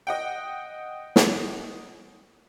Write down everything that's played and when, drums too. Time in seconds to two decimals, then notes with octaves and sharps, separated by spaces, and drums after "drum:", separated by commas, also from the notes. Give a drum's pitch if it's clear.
0.07 D#5 F#5 G5
1.16 drum: snare